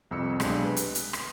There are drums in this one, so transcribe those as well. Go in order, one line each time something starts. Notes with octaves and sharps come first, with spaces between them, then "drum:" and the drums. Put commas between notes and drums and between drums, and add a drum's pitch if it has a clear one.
C2 F2 E6 C#7
B1 G#3 D4 G4, drum: rim click
B4
drum: hi-hat
drum: hi-hat
drum: rim click